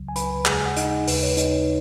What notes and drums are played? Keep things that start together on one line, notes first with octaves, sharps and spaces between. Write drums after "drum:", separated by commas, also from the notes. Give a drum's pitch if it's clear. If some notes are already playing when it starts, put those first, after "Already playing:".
Already playing: C#2 C#3 F#3
G#5
B4 B5, drum: hi-hat
D#2 C#3 G#3 G#4 G#5, drum: clap
F#5
D#4 D#5, drum: hi-hat
D#2 C#3 G#3 B4, drum: open hi-hat
C#5
D#4 D#5, drum: hi-hat